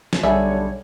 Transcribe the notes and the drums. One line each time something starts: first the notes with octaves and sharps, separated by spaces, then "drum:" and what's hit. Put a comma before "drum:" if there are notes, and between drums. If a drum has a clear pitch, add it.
drum: snare
B1 D3 G3 G#4 C#5 E5